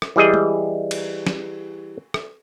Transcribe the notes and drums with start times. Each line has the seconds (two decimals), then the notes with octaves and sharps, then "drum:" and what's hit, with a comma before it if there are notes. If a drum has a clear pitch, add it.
0.02 drum: rim click
0.16 E3 G3 G#4 D#5
0.34 drum: tom
0.91 drum: cymbal
1.27 drum: snare
2.14 drum: rim click